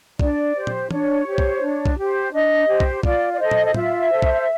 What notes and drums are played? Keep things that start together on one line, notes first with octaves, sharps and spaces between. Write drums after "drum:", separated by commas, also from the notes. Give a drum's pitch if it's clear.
D4 D5, drum: kick B1
G4 C5
drum: tom
D4 C#5, drum: tom
G4 C5
drum: kick B1
D4
drum: kick B1
G4 C5
D4 D#5
G4 C5
drum: kick B1
F4 D5, drum: kick B1
D5
A4 C5 D#5
drum: tom
D#5
F4 E5, drum: tom A2
A4 C5
drum: kick B1